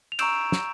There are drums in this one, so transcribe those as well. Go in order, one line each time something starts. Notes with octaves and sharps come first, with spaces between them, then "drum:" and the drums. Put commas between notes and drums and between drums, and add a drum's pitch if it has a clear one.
F7
A#5 C#6 E6 G6 D7 E7, drum: cymbal
drum: snare